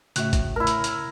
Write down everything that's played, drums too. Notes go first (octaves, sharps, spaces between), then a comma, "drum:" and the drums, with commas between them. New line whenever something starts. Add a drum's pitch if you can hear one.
A2 C#3 F#4 E5 F#6, drum: hi-hat
drum: kick A1, hi-hat
A2 E4 A#4
drum: hi-hat
drum: hi-hat